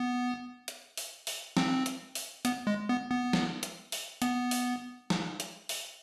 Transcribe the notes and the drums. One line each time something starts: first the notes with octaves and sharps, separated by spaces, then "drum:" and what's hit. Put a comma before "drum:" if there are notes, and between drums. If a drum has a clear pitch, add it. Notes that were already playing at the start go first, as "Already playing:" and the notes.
Already playing: B3
drum: hi-hat
drum: open hi-hat
drum: open hi-hat
C4, drum: snare
drum: hi-hat
drum: open hi-hat
B3, drum: hi-hat
G#3
B3
B3
drum: snare
drum: hi-hat
drum: open hi-hat
B3, drum: hi-hat
drum: open hi-hat
drum: snare
drum: hi-hat
drum: open hi-hat